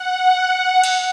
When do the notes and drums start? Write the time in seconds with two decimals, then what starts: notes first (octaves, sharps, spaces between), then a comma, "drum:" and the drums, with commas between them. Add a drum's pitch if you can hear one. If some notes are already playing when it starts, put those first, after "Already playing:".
Already playing: F#5
0.83 drum: cymbal